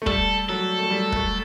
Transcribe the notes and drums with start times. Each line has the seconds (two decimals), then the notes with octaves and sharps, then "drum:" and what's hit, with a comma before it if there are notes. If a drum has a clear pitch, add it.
0.02 A3
0.06 G3 A4, drum: kick
0.49 F#3 A4
0.79 A3
0.90 G3
1.12 A3, drum: kick